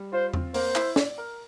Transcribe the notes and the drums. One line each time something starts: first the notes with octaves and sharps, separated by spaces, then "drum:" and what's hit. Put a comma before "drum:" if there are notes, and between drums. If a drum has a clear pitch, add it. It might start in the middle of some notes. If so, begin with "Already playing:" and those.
Already playing: G3
F4 C5
C4, drum: tom E2
A#3 C5, drum: open hi-hat
E4, drum: clap
D5, drum: snare
A#4